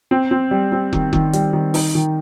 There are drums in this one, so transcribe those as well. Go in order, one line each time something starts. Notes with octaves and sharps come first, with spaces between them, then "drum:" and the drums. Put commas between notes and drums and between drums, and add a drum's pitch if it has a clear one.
C4
C4
G3
C4
D#3, drum: kick
D#3, drum: kick
G3, drum: hi-hat
D#3
D#4, drum: open hi-hat
D#3